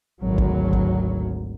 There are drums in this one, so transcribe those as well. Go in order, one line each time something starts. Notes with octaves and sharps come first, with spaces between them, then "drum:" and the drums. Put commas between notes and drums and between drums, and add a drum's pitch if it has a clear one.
G#1 D2 F#3
drum: kick
drum: kick